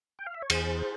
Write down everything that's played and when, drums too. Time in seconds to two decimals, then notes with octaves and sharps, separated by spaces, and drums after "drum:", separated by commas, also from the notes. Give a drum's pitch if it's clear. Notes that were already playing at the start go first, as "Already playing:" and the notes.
0.19 G5
0.26 F5
0.35 E5
0.42 C#5
0.50 E2 G#4 C5, drum: cymbal